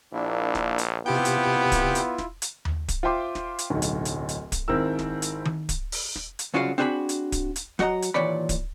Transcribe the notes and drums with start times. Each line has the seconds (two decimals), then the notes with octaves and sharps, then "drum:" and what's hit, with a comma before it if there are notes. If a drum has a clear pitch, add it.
0.13 A#1 A#3 D4 E4
0.55 drum: snare
0.78 drum: hi-hat
1.06 C3 B3 E4 F4 G4 G5
1.25 drum: hi-hat
1.72 drum: kick D1, hi-hat
1.95 drum: hi-hat
2.18 drum: snare
2.42 drum: hi-hat
2.65 drum: tom D#2
2.88 drum: kick D1, hi-hat
3.03 F4 C5 E5 G5 C6 D6
3.35 drum: snare
3.59 drum: hi-hat
3.70 D1 B1
3.82 drum: hi-hat
4.05 drum: hi-hat
4.29 drum: hi-hat
4.52 drum: kick D1, hi-hat
4.68 G#1 C4 E4 A#4 E6
4.99 drum: snare
5.22 drum: hi-hat
5.45 drum: tom D#3
5.69 drum: kick D1, hi-hat
5.92 drum: open hi-hat
6.15 drum: snare
6.39 drum: hi-hat
6.54 C2 C#3 F#3 F4 F#4 F5
6.78 C4 D4 F#4 G#4 F#5 B5
7.09 drum: hi-hat
7.32 drum: kick D1, hi-hat
7.56 drum: hi-hat
7.79 F#3 F#4 D#5 F#5 A#5, drum: snare
8.02 drum: hi-hat
8.14 D#2 A#2 E3 C#5 D5 B5
8.49 drum: kick D1, hi-hat